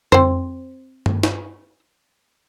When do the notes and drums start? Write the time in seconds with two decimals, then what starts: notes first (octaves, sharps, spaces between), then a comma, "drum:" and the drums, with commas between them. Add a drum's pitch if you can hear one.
0.12 C4 C5, drum: tom F2
1.06 drum: tom G2
1.23 drum: snare